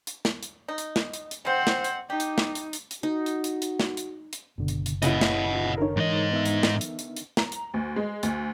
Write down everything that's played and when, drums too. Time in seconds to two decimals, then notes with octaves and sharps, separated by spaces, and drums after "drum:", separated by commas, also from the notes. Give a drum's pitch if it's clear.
0.07 drum: hi-hat
0.25 drum: snare
0.43 drum: hi-hat
0.68 D#4
0.78 drum: hi-hat
0.96 drum: snare
1.14 drum: hi-hat
1.31 drum: hi-hat
1.45 G#3 C4 C5 F#5
1.67 drum: snare
1.84 drum: hi-hat
2.10 D#4 G4
2.20 drum: hi-hat
2.38 drum: snare
2.55 drum: hi-hat
2.73 drum: hi-hat
2.91 drum: hi-hat
3.03 D#4 F#4
3.26 drum: hi-hat
3.44 drum: hi-hat
3.62 drum: hi-hat
3.80 drum: snare
3.97 drum: hi-hat
4.33 drum: hi-hat
4.58 F#1 B2 D3
4.68 drum: hi-hat
4.86 drum: hi-hat
5.03 C#3 A#3 E4 D#5 F#5, drum: hi-hat
5.21 drum: snare
5.50 D#4 F4
5.78 D3 D#3 A#4 C#5
5.97 G#2 E3 D#5
6.32 B3 D#4 E5
6.46 drum: hi-hat
6.63 drum: snare
6.81 drum: hi-hat
6.99 drum: hi-hat
7.16 drum: hi-hat
7.37 A#5, drum: snare
7.52 drum: hi-hat
7.74 D2
7.96 G#3
8.23 D2, drum: hi-hat